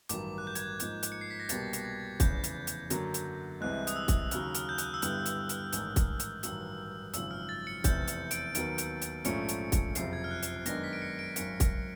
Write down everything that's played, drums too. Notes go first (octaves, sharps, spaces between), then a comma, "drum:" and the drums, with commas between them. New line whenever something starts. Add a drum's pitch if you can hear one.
A1 G2 D#3 F#3 D6, drum: hi-hat
F#6
G6
G#6, drum: hi-hat
G#2 F3 A#3 D#4, drum: hi-hat
drum: hi-hat
C#7
C7
B6
A#6
C2 B2 G3 A#3 A6, drum: hi-hat
drum: hi-hat
G#6
F1 E2 C#3 G6, drum: kick, hi-hat
drum: hi-hat
drum: hi-hat
F#2 D3 F#3 A#3, drum: hi-hat
drum: hi-hat
C2 C3 E3 G#3 F#6
D#6, drum: hi-hat
E6
drum: kick, hi-hat
D#2 C#3 F#3 F6, drum: hi-hat
F6, drum: hi-hat
G6
F#6, drum: hi-hat
E6
G2 D3 G3 B3 E4 F6, drum: hi-hat
drum: hi-hat
F6, drum: hi-hat
A1 G#2 D#3, drum: hi-hat
drum: kick, hi-hat
drum: hi-hat
A1 G2 D#3 F#3 E6, drum: hi-hat
G#1 F#2 C#3 F3 E6, drum: hi-hat
F6
A6
C#7
F1 E2 C3 G6, drum: kick, hi-hat
drum: hi-hat
D7, drum: hi-hat
D#2 D#3 F#3 B3 D7, drum: hi-hat
drum: hi-hat
drum: hi-hat
A#1 G#2 F3 A3 C#4 C#7, drum: hi-hat
drum: hi-hat
drum: kick, hi-hat
F#1 F2 C3 F3 C7, drum: hi-hat
G#6
F6
F#6
drum: hi-hat
F#2 D#3 G#3 B3 D4 A#6, drum: hi-hat
B6
D7
C#7
D7
G#1 F#2 D#3 C#7, drum: hi-hat
drum: kick, hi-hat